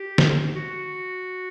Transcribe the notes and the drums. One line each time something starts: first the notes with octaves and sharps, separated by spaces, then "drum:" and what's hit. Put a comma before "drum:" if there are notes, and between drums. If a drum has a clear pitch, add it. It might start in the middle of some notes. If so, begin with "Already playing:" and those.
Already playing: G4
drum: snare
F#4